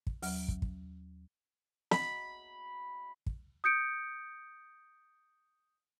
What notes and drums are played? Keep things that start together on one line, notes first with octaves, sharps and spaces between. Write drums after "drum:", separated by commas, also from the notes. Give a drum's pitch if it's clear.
drum: kick
D#2 F#3 F#5 F6, drum: open hi-hat
drum: kick
drum: kick
B5, drum: snare
drum: kick
D#6 G6 C#7 D7